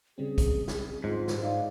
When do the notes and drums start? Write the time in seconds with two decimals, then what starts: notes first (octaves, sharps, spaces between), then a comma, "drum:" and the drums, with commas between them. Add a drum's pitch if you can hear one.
0.18 C#3 G3 C4 G#4
0.38 drum: kick, hi-hat
0.68 drum: snare
1.04 G#2 F4
1.28 drum: snare
1.43 D#4 D5 D#5 F5